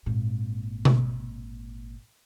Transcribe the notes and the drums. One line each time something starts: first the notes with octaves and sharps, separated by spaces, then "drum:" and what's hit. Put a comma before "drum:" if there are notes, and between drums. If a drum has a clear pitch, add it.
G#1 A#2
drum: tom B2